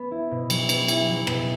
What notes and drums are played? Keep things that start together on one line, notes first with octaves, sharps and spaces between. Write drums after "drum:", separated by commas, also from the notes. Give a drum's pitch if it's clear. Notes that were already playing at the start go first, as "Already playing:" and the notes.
Already playing: B3
E4
B2
F#3, drum: cymbal
B3, drum: cymbal
E4, drum: cymbal
F#3
B2, drum: rim click